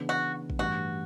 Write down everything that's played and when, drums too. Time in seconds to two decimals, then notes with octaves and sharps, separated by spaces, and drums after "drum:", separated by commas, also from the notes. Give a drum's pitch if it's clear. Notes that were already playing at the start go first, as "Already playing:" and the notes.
Already playing: C#3 E3 B3 D4
0.09 F#4
0.50 drum: kick A1
0.59 A1 G2 E3 F#4